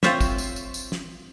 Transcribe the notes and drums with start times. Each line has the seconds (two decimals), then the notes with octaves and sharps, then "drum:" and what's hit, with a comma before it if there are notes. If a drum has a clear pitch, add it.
0.03 C4 F4 C5 C#5 E5, drum: snare
0.21 drum: kick, tambourine
0.38 drum: tambourine
0.56 drum: tambourine
0.74 drum: tambourine
0.92 drum: snare